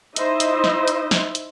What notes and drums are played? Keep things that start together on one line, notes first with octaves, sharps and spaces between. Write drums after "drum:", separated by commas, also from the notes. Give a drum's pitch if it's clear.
D#4 E4 C5 D#5 E5, drum: hi-hat
drum: hi-hat
drum: snare
drum: hi-hat
drum: snare
drum: hi-hat